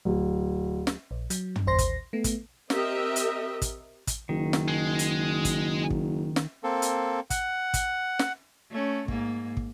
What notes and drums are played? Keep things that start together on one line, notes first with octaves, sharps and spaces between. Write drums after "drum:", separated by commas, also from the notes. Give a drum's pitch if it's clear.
D1
drum: snare
A#1
F#3, drum: hi-hat
drum: tom
A1 D#2 C5 C6 A#6
drum: kick, hi-hat
A3 B3
drum: kick, hi-hat
C4 G4 A#4 D#5 E5, drum: snare
drum: hi-hat
drum: kick, hi-hat
drum: kick, hi-hat
F#1 D#3
drum: snare
G#3
drum: hi-hat
drum: kick, hi-hat
drum: kick
drum: snare
A#3 C4 A4
drum: hi-hat
F#5, drum: kick, hi-hat
drum: kick, hi-hat
drum: snare
A3 C#4
G#2 A#3, drum: kick
drum: kick